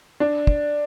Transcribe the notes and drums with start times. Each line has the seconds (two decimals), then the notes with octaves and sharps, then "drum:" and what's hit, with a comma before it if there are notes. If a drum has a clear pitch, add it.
0.20 D4
0.47 drum: kick